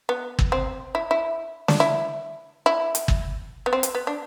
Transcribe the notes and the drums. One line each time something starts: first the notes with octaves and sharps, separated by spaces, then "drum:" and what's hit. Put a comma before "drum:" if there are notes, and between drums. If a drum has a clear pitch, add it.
B3
drum: kick
C4
E4
E4
D4, drum: snare
E4
E4
drum: hi-hat
drum: kick
B3
C4
drum: hi-hat
B3
D4